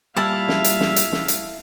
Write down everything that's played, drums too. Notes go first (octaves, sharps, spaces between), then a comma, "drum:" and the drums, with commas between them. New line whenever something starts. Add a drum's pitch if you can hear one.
A#2 G3 E4 E5 F5 A5
drum: snare
drum: hi-hat
drum: snare
drum: hi-hat
drum: snare
drum: hi-hat